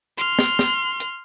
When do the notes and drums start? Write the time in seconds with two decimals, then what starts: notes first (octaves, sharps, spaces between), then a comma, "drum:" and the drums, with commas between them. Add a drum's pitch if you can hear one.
0.18 C6 F6, drum: hi-hat
0.39 drum: snare
0.59 drum: snare
1.00 drum: hi-hat